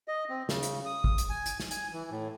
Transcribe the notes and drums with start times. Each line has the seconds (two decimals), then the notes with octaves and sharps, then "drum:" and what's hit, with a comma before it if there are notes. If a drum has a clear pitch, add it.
0.08 D#5
0.30 C4
0.49 C#3, drum: snare
0.63 drum: hi-hat
0.86 D#6
1.04 drum: kick
1.18 drum: hi-hat
1.30 G#5
1.46 drum: hi-hat
1.60 drum: snare
1.71 G#5, drum: hi-hat
1.92 E3
2.11 A2